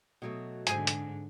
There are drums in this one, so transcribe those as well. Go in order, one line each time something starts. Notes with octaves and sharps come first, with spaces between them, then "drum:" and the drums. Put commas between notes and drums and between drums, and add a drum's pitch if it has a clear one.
B2 F#3 A3
G#2 D3 C4 G#4 G#5, drum: hi-hat
drum: hi-hat